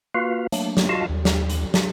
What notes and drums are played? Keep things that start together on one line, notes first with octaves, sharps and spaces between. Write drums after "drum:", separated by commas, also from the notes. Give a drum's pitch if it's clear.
A#3 F4 F#4 B4 F5
F#3 A3 A#3 D4, drum: hi-hat
drum: snare
F4 F#4 D#5 F5 A5
D#2
drum: snare
drum: hi-hat
drum: snare